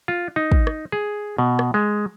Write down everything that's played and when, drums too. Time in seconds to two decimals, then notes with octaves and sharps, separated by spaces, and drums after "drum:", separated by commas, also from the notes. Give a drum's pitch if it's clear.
0.08 F4
0.36 D#4
0.52 drum: kick
0.67 drum: rim click
0.92 G#4
1.38 B2
1.59 drum: rim click
1.74 G#3